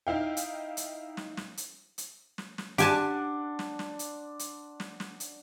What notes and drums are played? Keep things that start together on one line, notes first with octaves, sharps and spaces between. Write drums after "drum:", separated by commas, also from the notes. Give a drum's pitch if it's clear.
D#4 E4 F5 G5
drum: hi-hat
drum: hi-hat
drum: snare
drum: snare
drum: hi-hat
drum: hi-hat
drum: snare
drum: snare
D4 G4 F#5 G#5 A5 C6, drum: hi-hat
drum: snare
drum: snare
drum: hi-hat
drum: hi-hat
drum: snare
drum: snare
drum: hi-hat